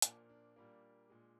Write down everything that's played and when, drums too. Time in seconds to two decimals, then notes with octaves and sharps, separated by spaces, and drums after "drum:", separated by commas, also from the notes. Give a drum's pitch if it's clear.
0.02 A#2 F3 A#3 D4, drum: hi-hat
0.29 D4
0.56 A#2 G3 A#3 D4
1.10 A#2 G#3